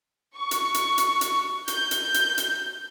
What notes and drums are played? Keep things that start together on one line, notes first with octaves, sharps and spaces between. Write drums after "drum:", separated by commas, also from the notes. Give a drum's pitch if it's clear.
C#6
drum: hi-hat
drum: hi-hat
drum: hi-hat
drum: hi-hat
G6, drum: hi-hat
drum: hi-hat
drum: hi-hat
drum: hi-hat